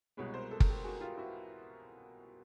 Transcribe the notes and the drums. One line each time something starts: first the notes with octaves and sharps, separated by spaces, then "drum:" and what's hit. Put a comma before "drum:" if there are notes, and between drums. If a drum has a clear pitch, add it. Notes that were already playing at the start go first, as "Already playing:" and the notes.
C2 B2 G#3 B4 C#5
A#4 C5
A4
A#4, drum: kick
G4 A4
F#4 G#4
F4 G4
E4 F#4